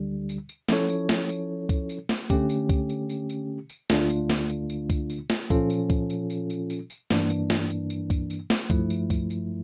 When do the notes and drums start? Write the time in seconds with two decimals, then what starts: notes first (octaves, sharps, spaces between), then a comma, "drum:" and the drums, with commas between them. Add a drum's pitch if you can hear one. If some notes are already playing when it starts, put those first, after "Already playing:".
Already playing: D2 D3 G3
0.29 drum: tambourine
0.49 drum: tambourine
0.69 F3 C#4 E4 A4 C#5, drum: snare
0.89 drum: tambourine
1.09 drum: snare
1.29 drum: tambourine
1.69 drum: kick C#2, tambourine
1.89 drum: tambourine
2.09 drum: snare
2.30 D3 A3 C#4 G4, drum: kick C#2, tambourine
2.49 drum: tambourine
2.69 drum: kick C#2, tambourine
2.89 drum: tambourine
3.09 drum: tambourine
3.29 drum: tambourine
3.69 drum: tambourine
3.90 D2 D3 A3 D4 F4, drum: snare
4.10 drum: tambourine
4.30 drum: snare
4.50 drum: tambourine
4.70 drum: tambourine
4.90 drum: kick C#2, tambourine
5.10 drum: tambourine
5.30 drum: snare
5.50 A#2 F3 C#4 F4 A4, drum: kick C#2, tambourine
5.70 drum: tambourine
5.90 drum: kick C#2, tambourine
6.10 drum: tambourine
6.30 drum: tambourine
6.50 drum: tambourine
6.70 drum: tambourine
6.90 drum: tambourine
7.10 G2 E3 A#3 D4, drum: snare
7.30 drum: tambourine
7.50 drum: snare
7.70 drum: tambourine
7.90 drum: tambourine
8.10 drum: kick C#2, tambourine
8.30 drum: tambourine
8.50 drum: snare
8.70 G2 F3 A3 E4, drum: kick C#2, tambourine
8.90 drum: tambourine
9.10 drum: kick C#2, tambourine
9.30 drum: tambourine